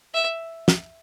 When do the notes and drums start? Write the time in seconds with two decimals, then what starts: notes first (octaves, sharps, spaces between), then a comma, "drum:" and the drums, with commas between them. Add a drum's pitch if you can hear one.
0.14 E5
0.68 drum: snare